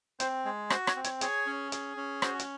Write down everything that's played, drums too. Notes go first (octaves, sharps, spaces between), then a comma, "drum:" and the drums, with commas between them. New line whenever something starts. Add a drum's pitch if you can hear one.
C4 C5, drum: hi-hat
G#3
F#4 C5, drum: rim click
C#5, drum: rim click
C4
C#5, drum: hi-hat
G#4 C#5, drum: hi-hat
C#4
G#4, drum: hi-hat
C#4
F#4 C5, drum: rim click
drum: hi-hat